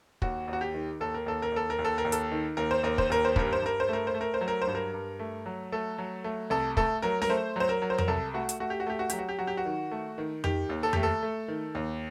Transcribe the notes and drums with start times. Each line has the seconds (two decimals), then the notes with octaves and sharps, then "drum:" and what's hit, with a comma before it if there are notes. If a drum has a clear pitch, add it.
0.22 D#2 F#4, drum: kick
0.48 D#2
0.53 F#4
0.61 G4
0.74 D#3
1.01 D#2 A4
1.14 A#4
1.26 D#2 A4
1.42 A#4
1.52 D#2 A4
1.70 A#4
1.79 D#2
1.85 A4
1.98 A#4
2.05 D#2
2.12 A4, drum: hi-hat
2.32 D#3
2.57 D#2 A#4
2.71 C5
2.83 D#2 A#4
2.98 C5, drum: kick
3.10 D#2 A#4
3.25 C5
3.36 G2 A#4, drum: kick
3.53 C5
3.62 G2 A#4
3.80 C5
3.89 A3 A#4
4.07 C5
4.14 A3
4.21 A#4
4.34 C5
4.41 F#3
4.48 A#4
4.62 C5
4.67 G2
4.75 A#4
4.94 G2
5.19 A3
5.46 F#3
5.72 A3 A4
5.98 F#3
6.24 A3
6.50 C2 A4
6.77 A3 A4, drum: kick
7.02 F#3 A#4
7.22 A#4, drum: snare
7.30 A3 C5
7.56 F#3 C5
7.69 A#4
7.82 F#3
7.90 C5
7.98 A#4, drum: tom F2
8.08 C2 A4
8.34 A3 F#4
8.49 drum: hi-hat
8.60 A3 F#4
8.70 G4
8.80 F#4
8.87 A3 G4
8.99 F#4
9.10 F#3 G4, drum: hi-hat
9.18 F#4
9.29 G4
9.39 F#3 F#4
9.47 G4
9.57 F#4
9.65 D#3
9.91 A3
10.18 D#3
10.44 D#3 G4, drum: tom F2
10.69 D#2
10.83 A4
10.93 A3 G4, drum: tom F2
11.03 A4
11.23 A3
11.48 D#3
11.75 D#2